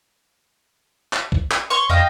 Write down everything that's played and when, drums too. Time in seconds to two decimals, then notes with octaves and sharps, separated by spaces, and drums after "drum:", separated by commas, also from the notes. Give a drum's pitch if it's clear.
1.13 drum: clap
1.32 drum: kick B1
1.51 drum: clap
1.70 C#5 C6 C#6
1.90 F2 D#5 F5 G5